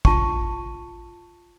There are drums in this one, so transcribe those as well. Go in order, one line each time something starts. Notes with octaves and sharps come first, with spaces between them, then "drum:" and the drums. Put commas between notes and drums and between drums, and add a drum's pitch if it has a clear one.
F4 A5 C#6, drum: kick